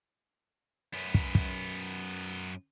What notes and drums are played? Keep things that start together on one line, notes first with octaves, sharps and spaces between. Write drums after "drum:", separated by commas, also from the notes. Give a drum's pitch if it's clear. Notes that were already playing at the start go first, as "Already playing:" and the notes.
F#2 B3
drum: kick
drum: kick